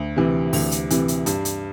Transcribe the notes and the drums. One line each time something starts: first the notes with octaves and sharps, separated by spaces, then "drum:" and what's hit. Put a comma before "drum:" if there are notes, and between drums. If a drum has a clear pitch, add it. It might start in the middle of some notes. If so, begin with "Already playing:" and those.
Already playing: D2
C3 E3
D2, drum: open hi-hat
drum: hi-hat
C3 E3, drum: hi-hat
drum: hi-hat
G2, drum: hi-hat
drum: hi-hat